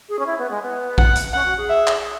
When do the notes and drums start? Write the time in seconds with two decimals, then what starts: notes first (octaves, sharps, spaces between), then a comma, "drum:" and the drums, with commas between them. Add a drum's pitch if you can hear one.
0.09 G#4
0.19 C#4
0.26 E4
0.39 B3
0.51 G#3
0.63 B3
0.98 F#5, drum: kick A#1
1.16 drum: hi-hat
1.33 C#4 F#5
1.46 F#4
1.57 G#4
1.69 E5
1.87 drum: clap